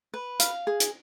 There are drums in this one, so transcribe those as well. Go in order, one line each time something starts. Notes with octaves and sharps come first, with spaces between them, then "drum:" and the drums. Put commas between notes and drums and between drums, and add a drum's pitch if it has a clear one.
B4
F5, drum: hi-hat
G#4
drum: hi-hat